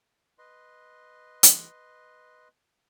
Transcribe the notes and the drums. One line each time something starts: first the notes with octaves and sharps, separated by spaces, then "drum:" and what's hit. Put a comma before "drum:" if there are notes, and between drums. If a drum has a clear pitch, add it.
B4 D#5 C6
drum: hi-hat